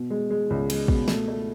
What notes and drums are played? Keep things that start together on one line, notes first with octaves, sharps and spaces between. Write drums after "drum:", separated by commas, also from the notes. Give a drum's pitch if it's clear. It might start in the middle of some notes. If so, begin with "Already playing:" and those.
Already playing: B2
G#3
G#3
C#2
G#3, drum: cymbal
B2, drum: kick
A3, drum: snare
A3